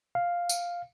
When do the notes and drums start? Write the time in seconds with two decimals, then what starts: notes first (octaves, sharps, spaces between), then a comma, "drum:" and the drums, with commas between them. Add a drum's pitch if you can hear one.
0.15 F5
0.49 drum: tambourine